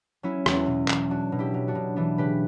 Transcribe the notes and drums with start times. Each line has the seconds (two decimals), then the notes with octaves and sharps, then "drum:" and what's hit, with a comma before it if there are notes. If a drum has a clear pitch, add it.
0.23 F#3 C#4 E4
0.46 E2, drum: rim click
0.67 B2
0.88 E2, drum: clap
1.10 F#3 D4 F#4
1.32 B2
1.39 E4 G4
1.54 F#3
1.68 D4 F#4
1.75 B2
1.96 E3 B3 D4
2.18 C#3 G4 B4